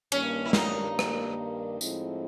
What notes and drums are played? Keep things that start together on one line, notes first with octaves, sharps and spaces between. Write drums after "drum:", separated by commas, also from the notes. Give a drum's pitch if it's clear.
G2 D#3 G3 A#3 C#4, drum: cymbal
E4
D#4, drum: snare
drum: rim click
A2 F3 G#3 C4 E4, drum: tambourine